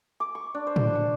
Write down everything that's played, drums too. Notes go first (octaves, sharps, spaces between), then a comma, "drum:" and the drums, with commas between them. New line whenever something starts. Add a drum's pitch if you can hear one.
D6
C#6
D4
C5
drum: tom A2
C#6